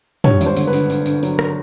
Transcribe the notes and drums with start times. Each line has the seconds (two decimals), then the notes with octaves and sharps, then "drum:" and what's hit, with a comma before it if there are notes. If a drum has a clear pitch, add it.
0.24 G2 C#5, drum: tom
0.41 G#1, drum: tambourine
0.46 C5
0.57 D3, drum: tambourine
0.67 B4
0.73 D3, drum: tambourine
0.90 D3, drum: tambourine
1.06 D3, drum: tambourine
1.23 F#3, drum: tambourine
1.39 drum: rim click